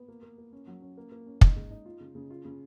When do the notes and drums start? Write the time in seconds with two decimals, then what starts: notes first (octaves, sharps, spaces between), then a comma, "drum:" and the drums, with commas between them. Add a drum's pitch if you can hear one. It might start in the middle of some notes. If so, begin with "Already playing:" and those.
Already playing: B3
0.08 A#3
0.23 A#3
0.38 A#3
0.53 C#4
0.67 F#3
0.82 C#4
0.97 A#3
1.12 A#3
1.26 C#4
1.41 D#4, drum: kick
1.56 G#3
1.71 D#4
1.85 F4
2.00 C#3
2.15 C#3
2.30 F4
2.45 C#3